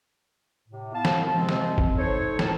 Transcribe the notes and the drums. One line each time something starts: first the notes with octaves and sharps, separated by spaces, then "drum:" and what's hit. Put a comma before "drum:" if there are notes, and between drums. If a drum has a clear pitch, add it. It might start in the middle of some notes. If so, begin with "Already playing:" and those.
A2 C3
A2 B3 F5 A5
drum: snare
C3 F3 G#3 C4
drum: snare
drum: kick
D#4 A4 C5 C#5
C#2 A2 A#4 A5, drum: snare